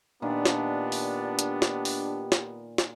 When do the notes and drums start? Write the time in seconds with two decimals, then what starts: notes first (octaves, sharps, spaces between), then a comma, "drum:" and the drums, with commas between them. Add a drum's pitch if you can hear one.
0.22 A#2 D#3 B3 D4 G4
0.46 drum: snare
0.92 drum: open hi-hat
1.39 drum: hi-hat
1.62 drum: snare
1.85 drum: open hi-hat
2.32 drum: snare
2.78 drum: snare